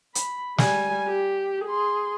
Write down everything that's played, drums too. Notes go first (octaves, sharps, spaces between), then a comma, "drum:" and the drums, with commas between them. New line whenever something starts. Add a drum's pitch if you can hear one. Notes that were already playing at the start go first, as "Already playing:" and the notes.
B5, drum: hi-hat
G3 G#5, drum: snare
G4
G#4 C6